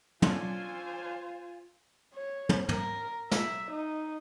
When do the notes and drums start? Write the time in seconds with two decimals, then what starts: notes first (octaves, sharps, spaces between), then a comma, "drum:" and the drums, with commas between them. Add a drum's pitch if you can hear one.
0.22 C#4 D4 F4 A4 C5 G#5, drum: tom
2.14 C#5
2.49 drum: tom
2.69 A#4, drum: tom
3.31 E5, drum: snare
3.71 D#4